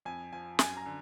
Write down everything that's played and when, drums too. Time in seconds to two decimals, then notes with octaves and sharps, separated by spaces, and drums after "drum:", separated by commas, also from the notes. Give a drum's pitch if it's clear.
0.05 F2 G#5
0.33 F3 G#5
0.59 F#2 G#5, drum: snare
0.77 A#5
0.86 D3